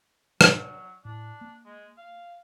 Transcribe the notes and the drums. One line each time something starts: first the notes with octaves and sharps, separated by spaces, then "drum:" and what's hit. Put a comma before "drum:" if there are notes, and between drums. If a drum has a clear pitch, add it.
F#3, drum: rim click
A2 D4
A#3
G#3
F5